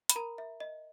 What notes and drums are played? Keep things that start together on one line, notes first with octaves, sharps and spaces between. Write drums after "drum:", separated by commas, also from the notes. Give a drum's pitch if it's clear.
B5, drum: hi-hat
A#4 A#5
E5
D#5